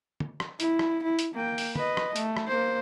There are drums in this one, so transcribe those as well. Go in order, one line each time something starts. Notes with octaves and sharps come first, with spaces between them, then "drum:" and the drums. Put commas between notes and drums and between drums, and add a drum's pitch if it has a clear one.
drum: tom
drum: rim click
E4, drum: hi-hat
drum: rim click
E4
drum: hi-hat
A#3 G5
drum: open hi-hat
B4 D#5, drum: tom
drum: rim click
A3, drum: hi-hat
drum: rim click
A#3 C5